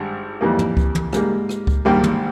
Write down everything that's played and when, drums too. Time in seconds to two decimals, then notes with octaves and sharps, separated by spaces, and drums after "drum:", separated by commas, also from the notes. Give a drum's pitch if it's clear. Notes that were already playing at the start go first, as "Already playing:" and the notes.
Already playing: G#1 G2
0.41 F2 E3 G3 A#3
0.59 drum: tom
0.77 drum: kick C#2
0.95 drum: tom
1.13 G#2 G3 A#3, drum: rim click
1.49 drum: rim click
1.67 drum: kick C#2
1.85 G#1 G2 G3 A#3 G5
2.03 drum: tom